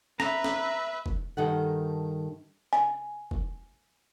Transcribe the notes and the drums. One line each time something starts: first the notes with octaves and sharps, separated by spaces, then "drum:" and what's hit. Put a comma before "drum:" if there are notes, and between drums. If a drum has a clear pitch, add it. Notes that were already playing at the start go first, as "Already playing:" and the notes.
B4 E5 A#5, drum: snare
drum: snare
drum: kick
G2 D#3 A4 F#5
G#5, drum: rim click
drum: kick